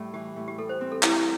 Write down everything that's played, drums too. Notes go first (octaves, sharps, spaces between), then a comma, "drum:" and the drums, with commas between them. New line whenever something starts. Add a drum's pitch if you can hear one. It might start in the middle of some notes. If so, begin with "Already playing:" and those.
Already playing: A2 G3
E3 G4
A2
G4
G3 A4
C5
C4
A4
G3 E4, drum: clap